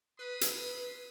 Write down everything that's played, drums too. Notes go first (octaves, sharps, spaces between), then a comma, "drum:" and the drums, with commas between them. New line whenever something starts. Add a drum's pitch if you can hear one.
B4 B5 C6 D#6
drum: hi-hat